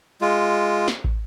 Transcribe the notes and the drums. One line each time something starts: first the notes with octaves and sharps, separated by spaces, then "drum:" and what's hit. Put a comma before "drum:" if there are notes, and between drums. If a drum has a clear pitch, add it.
G#3 F4
drum: snare
drum: kick